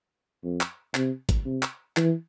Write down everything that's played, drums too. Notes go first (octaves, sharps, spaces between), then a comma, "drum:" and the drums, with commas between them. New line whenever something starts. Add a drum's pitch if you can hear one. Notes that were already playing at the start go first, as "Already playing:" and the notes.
F2
drum: clap
C3, drum: clap
drum: kick G#1, hi-hat
C3
drum: clap
E3, drum: clap